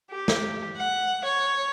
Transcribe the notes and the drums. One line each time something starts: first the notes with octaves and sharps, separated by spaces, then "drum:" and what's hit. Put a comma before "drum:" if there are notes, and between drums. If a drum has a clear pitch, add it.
G4
drum: snare
F#5
C#5